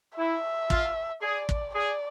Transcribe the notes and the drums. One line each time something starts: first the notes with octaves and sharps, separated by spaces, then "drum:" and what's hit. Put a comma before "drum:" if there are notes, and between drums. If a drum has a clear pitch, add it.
E4 E5
F4, drum: kick
G#4 D5
drum: kick
G#4 D5